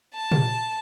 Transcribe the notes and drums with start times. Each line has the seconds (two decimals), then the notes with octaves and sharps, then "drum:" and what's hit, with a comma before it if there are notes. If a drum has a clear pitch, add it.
0.15 A5
0.32 drum: tom A#2